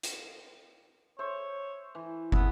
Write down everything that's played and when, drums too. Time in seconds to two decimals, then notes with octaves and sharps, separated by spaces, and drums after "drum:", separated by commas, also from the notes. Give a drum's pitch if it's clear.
0.03 drum: hi-hat
1.19 C5 C#5 E5
1.95 E3
2.32 B3 G#4 E5, drum: kick